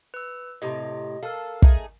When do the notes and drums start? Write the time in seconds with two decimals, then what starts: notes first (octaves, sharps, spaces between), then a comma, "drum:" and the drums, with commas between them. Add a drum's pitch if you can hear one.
0.14 B4 E6
0.62 A2 C3 D#5
1.23 A4 A#4 F5
1.62 A3 D#4 G#4, drum: kick